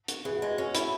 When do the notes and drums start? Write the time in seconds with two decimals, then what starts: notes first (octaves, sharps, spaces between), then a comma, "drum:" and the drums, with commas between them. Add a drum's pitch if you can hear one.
0.08 F#4, drum: hi-hat
0.25 E3 G#4
0.36 F#4
0.42 G#3
0.47 G#4
0.58 C#4 F#4
0.75 E4, drum: hi-hat